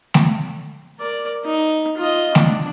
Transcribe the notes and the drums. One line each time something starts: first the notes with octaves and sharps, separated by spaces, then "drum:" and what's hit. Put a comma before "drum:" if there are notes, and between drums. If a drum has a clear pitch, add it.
drum: snare
A#4 D5
D#4
F4 D#5
D4, drum: snare